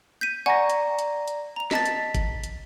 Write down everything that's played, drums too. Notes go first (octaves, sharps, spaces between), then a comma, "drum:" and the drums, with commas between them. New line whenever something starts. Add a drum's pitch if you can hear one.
G6 B6 D#7
D5 F#5 G#5 A#5 C#6 A#6
drum: hi-hat
drum: hi-hat
drum: hi-hat
A#5 F7
D#5 A5 A6 B6, drum: snare
drum: hi-hat
drum: kick, hi-hat
drum: hi-hat